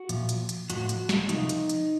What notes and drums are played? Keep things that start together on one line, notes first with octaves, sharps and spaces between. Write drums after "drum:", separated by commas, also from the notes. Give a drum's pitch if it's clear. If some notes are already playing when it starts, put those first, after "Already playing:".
Already playing: F#4
A#2 F3, drum: hi-hat
drum: hi-hat
drum: hi-hat
A2 F3 F#4, drum: hi-hat
drum: hi-hat
drum: snare
C3 F3 D#4, drum: hi-hat
drum: hi-hat
drum: hi-hat